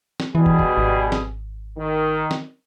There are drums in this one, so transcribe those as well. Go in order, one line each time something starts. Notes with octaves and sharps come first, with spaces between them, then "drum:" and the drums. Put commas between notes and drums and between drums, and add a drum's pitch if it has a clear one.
drum: snare
B2 E3 G3 G#4
drum: kick
drum: kick
G#1
drum: snare
D#3
drum: snare